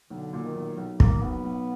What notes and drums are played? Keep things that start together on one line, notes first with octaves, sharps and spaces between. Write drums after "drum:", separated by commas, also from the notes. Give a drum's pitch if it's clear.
B1 D3
A#2
D#3
B1
B1
B1 A#3, drum: kick
B1 B3
B1